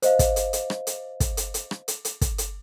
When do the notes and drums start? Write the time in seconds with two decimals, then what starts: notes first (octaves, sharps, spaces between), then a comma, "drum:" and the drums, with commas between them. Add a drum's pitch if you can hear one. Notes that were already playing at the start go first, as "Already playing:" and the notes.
0.02 C5 D#5 F5, drum: hi-hat
0.19 drum: kick, hi-hat
0.36 drum: hi-hat
0.53 drum: hi-hat
0.70 drum: rim click
0.87 drum: hi-hat
1.20 drum: kick, hi-hat
1.37 drum: hi-hat
1.54 drum: hi-hat
1.71 drum: rim click
1.88 drum: hi-hat
2.05 drum: hi-hat
2.21 drum: kick, hi-hat
2.38 drum: hi-hat